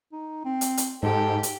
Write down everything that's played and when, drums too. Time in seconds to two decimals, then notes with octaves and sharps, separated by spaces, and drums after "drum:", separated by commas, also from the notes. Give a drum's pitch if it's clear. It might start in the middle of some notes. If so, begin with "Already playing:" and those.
0.12 D#4
0.45 C4
0.61 drum: hi-hat
0.77 drum: hi-hat
1.03 G#2 G4 A4
1.43 drum: hi-hat